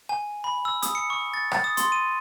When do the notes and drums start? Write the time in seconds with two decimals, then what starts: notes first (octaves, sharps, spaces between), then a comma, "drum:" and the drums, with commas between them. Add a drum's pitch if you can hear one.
0.09 G#5
0.44 B5
0.65 E6
0.82 D#6, drum: hi-hat
0.95 C#7
1.10 C#6
1.34 A6
1.52 A6, drum: rim click
1.64 D#6
1.77 C6, drum: hi-hat
1.92 D#7